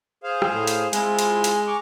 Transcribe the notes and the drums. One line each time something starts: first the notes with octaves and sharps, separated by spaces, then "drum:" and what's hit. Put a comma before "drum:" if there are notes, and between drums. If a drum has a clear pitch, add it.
G#4 C5 F5
drum: rim click
A2
drum: hi-hat
G#3 C4 E4 F4, drum: hi-hat
drum: hi-hat
drum: hi-hat
A#5 C#6 D6